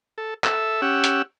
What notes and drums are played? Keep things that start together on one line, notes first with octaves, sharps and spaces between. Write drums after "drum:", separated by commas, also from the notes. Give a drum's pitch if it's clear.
A4
A4 E5, drum: clap
C#4 G4 F#5 E6
drum: hi-hat